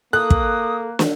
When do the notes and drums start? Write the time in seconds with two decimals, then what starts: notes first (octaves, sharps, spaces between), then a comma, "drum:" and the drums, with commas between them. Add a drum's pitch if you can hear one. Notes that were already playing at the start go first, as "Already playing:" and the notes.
0.13 A#3 A4 D#6 F#6
0.30 drum: kick
0.99 drum: snare